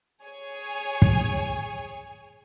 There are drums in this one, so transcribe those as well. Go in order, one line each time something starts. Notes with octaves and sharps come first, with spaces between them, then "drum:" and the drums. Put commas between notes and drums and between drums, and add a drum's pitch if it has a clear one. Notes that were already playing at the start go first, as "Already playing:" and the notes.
G#4 C#5 G#5
drum: kick